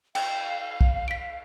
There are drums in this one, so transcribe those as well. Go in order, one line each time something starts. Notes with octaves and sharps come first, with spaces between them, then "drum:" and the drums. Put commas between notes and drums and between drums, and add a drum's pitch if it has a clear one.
F5 G5, drum: cymbal
drum: kick
B6 D7